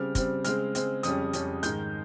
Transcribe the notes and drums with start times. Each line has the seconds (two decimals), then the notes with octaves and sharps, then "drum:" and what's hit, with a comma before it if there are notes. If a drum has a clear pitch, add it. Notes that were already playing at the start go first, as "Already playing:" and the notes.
Already playing: C#3 G3 C4 F6
0.15 C#3 G3 C4, drum: kick, hi-hat
0.44 C#3 G#3 C4 F6, drum: hi-hat
0.75 C#3 G#3 C4, drum: hi-hat
1.03 F2 C#3 G3 C#4 D#6, drum: hi-hat
1.33 F2 C#3 G3 C#4, drum: hi-hat
1.63 G#2 D#3 G#3 G6, drum: hi-hat